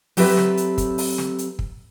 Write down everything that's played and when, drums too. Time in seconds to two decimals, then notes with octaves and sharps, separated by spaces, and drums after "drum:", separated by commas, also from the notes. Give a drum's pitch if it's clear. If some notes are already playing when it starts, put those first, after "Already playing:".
0.17 F#3 C4 G4 A4 B4 E5, drum: open hi-hat
0.37 drum: snare
0.57 drum: hi-hat
0.78 drum: kick, hi-hat
0.98 drum: open hi-hat
1.18 drum: snare
1.38 drum: hi-hat
1.59 drum: kick